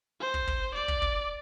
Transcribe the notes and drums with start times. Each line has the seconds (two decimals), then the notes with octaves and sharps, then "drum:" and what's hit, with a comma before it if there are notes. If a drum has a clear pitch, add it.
0.21 C5
0.34 drum: kick
0.47 drum: kick
0.75 D5
0.88 drum: kick
1.02 drum: kick